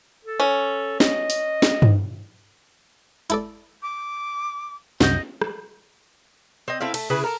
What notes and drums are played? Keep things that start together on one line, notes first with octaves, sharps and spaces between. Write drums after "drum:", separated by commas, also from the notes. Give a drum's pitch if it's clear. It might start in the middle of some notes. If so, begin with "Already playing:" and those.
A4
C#4
D#5, drum: snare
drum: open hi-hat
drum: snare
drum: tom G2
E4 A4 D5, drum: hi-hat
D6
C2 F#2 F#4 D#5 G6, drum: snare
drum: rim click
C4 D#5
A3 C4 E4 F5
A3, drum: cymbal
C#3 E4 G#4 B4
A4 A#4